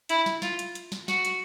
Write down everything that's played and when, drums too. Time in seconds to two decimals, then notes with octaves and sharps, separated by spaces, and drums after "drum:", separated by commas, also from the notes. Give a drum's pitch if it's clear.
0.09 E4, drum: hi-hat
0.26 drum: snare
0.42 F4, drum: snare
0.59 drum: hi-hat
0.75 drum: hi-hat
0.92 drum: snare
1.08 F#4, drum: snare
1.25 drum: hi-hat